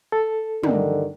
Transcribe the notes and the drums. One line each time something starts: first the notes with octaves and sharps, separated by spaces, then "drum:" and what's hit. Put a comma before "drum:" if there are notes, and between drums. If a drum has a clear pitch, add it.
A4
G2 D3 D#3, drum: tom